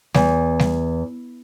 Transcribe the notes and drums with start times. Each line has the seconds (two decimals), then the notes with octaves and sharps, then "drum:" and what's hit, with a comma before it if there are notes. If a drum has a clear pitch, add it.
0.14 E2, drum: snare G3
0.59 drum: snare G3